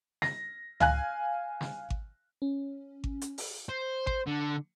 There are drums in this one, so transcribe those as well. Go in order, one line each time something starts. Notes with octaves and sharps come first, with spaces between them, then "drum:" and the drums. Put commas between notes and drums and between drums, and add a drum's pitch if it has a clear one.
A#6, drum: snare
F5 G#5 F#6, drum: tom
drum: snare
drum: kick G#1
C#4
drum: kick G#1
drum: hi-hat
drum: open hi-hat
C5
C5, drum: kick G#1
D3